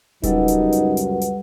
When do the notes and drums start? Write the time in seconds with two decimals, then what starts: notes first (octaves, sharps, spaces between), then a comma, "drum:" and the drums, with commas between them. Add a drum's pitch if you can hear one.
0.23 C#2 F#2 G3 D#4 A4 B4 F#5, drum: kick D#1, hi-hat
0.48 drum: hi-hat
0.72 drum: hi-hat
0.97 drum: hi-hat
1.21 drum: hi-hat